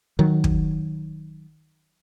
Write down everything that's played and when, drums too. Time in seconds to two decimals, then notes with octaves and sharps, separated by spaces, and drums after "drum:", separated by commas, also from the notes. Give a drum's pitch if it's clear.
0.19 D#3 F#3
0.44 drum: kick